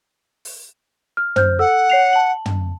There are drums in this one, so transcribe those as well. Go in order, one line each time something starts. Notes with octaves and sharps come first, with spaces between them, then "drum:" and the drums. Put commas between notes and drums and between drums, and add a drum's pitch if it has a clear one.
drum: open hi-hat
F6
C5 F6 G6, drum: tom
A4 F#5 E6
C#5 C7 F7
A5 F#7
drum: tom